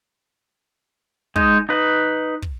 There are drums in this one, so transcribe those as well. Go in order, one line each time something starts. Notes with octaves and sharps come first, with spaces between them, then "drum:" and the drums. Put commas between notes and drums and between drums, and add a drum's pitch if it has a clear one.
G#3 D#4, drum: kick
D#4 B4
drum: kick